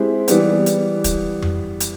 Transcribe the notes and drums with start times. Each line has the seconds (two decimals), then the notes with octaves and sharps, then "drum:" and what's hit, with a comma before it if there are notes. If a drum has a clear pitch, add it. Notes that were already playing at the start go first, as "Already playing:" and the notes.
Already playing: G#3 C4 E4 G4
0.28 E3 G3 B3, drum: hi-hat
0.66 drum: hi-hat
1.04 drum: kick, hi-hat
1.42 drum: tom F2
1.80 drum: hi-hat